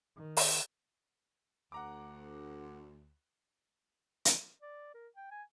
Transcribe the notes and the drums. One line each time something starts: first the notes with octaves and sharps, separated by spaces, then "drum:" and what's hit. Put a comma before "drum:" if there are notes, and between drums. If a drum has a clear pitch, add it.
D#3
drum: open hi-hat
D2 F#5 A#5 D6
drum: hi-hat
D5
A#4
G5
G#5